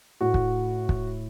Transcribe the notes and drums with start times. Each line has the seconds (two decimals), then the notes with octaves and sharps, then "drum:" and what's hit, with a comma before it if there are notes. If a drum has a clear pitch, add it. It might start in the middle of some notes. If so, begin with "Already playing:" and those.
0.21 A2 A3 F#4
0.34 drum: kick
0.89 drum: kick